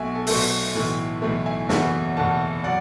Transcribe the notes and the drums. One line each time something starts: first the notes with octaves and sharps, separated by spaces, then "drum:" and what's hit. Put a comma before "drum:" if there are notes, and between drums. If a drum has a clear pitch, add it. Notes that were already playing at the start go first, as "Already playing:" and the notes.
Already playing: B1 B2 A3 E5 G#5
A4
B1 B2 A3 A4, drum: open hi-hat
B1 A2 E3 A3
B1 A2 E3 A3
E5 G#5
F#1 E2 B2 A3 E5 G#5, drum: snare
F#1 E2 B2 A3 F#5 A5
F#3 D5 F#5